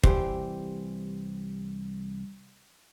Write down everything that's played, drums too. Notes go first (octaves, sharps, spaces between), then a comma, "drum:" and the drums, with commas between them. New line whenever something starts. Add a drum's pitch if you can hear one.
C2 E3 G4 C5, drum: kick